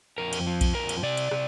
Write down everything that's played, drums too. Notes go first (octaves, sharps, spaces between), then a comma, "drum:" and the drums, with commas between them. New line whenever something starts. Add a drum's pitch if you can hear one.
F2 A#4
drum: cymbal
F3
drum: kick B1, cymbal
F2 A#4
drum: cymbal
C3 D5
drum: cymbal
C3, drum: rim click